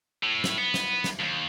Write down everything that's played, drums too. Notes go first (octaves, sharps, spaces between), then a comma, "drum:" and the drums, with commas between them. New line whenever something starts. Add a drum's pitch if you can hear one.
A2
drum: snare
B3
drum: snare
drum: snare
D#2